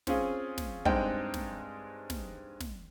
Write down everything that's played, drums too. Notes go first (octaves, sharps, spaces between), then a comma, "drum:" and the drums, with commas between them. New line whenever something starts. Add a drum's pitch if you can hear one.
C4 C#4 F4 G#4, drum: snare
drum: snare
G2 G#3 C4 D#4 G5 F#6, drum: kick
drum: snare
drum: snare
drum: snare